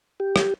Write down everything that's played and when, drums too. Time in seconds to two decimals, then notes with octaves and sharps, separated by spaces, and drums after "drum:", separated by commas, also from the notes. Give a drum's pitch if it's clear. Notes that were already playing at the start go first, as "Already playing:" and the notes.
0.20 G4
0.36 drum: rim click